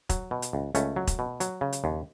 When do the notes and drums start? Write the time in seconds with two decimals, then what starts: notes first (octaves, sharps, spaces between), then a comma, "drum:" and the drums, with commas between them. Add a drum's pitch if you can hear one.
0.09 F#3, drum: kick E1, hi-hat
0.31 B2
0.42 drum: hi-hat
0.53 C#2
0.75 C#2 A3 C#4, drum: hi-hat
0.96 F#3
1.07 drum: kick E1, hi-hat
1.19 B2
1.40 F#3, drum: hi-hat
1.61 C#3
1.73 drum: hi-hat
1.84 D#2